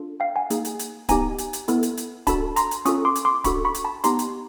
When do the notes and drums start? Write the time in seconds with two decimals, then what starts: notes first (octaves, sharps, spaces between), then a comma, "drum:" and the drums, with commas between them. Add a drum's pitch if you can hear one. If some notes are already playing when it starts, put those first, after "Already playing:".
Already playing: D4 F4 A4
0.20 F5 G5
0.36 F#5 G#5
0.50 A#3 D#4 G#4, drum: hi-hat
0.65 drum: hi-hat
0.79 drum: hi-hat
1.09 B3 D#4 G4 G#5 A#5, drum: kick D1, hi-hat
1.38 drum: hi-hat
1.53 drum: hi-hat
1.68 B3 E4 A4, drum: hi-hat
1.83 drum: hi-hat
1.97 drum: hi-hat
2.27 D4 F#4 A4 A5 B5, drum: kick D1, hi-hat
2.56 A#5 C6, drum: hi-hat
2.71 drum: hi-hat
2.85 C#4 F4 A4 C#6 D#6, drum: hi-hat
3.05 C6 D6
3.15 drum: hi-hat
3.25 C6 D6
3.44 D4 F#4 A4 B5 C#6, drum: kick D1, hi-hat
3.65 B5 C#6
3.74 drum: hi-hat
3.85 A5 B5
4.04 B3 D#4 G4 A#5 C6, drum: hi-hat
4.19 drum: hi-hat